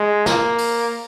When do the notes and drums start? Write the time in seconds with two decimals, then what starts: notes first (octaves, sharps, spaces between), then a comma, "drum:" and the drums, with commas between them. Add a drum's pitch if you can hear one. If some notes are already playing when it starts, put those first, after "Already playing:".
Already playing: G#3
0.26 A#3, drum: snare
0.58 drum: open hi-hat